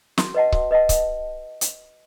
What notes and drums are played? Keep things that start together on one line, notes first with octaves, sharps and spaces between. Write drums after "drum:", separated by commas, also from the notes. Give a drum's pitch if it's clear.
F#4, drum: snare
B4 D#5 F#5 A5
F#4, drum: kick C#1
B4 D#5 F#5 A5
drum: kick C#1, hi-hat
drum: hi-hat